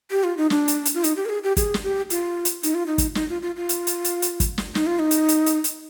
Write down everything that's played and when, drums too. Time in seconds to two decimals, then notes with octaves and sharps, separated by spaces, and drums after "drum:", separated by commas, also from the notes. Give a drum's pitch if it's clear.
0.11 G4
0.24 F4
0.37 D#4
0.50 D4, drum: snare
0.68 drum: hi-hat
0.85 drum: hi-hat
0.94 F4
1.04 D#4, drum: hi-hat
1.16 G4
1.25 A#4
1.29 G#4
1.44 G4
1.57 G#4, drum: kick, hi-hat
1.74 drum: snare
1.84 G4
2.10 F4, drum: hi-hat
2.45 drum: hi-hat
2.63 D#4, drum: hi-hat
2.75 F4
2.87 D#4
2.98 drum: kick, hi-hat
3.15 D#4, drum: snare
3.29 F4
3.42 F4
3.56 F4
3.69 drum: hi-hat
3.87 drum: hi-hat
4.04 drum: hi-hat
4.22 drum: hi-hat
4.40 drum: kick, hi-hat
4.58 drum: snare
4.75 D#4, drum: snare
4.87 F4
4.99 D#4
5.11 drum: hi-hat
5.29 drum: hi-hat
5.46 drum: hi-hat
5.64 drum: hi-hat